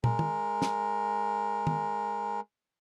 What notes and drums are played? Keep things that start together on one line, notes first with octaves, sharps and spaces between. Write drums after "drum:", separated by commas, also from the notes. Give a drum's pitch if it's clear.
G#3 A#4, drum: tom
drum: tom
drum: snare
drum: tom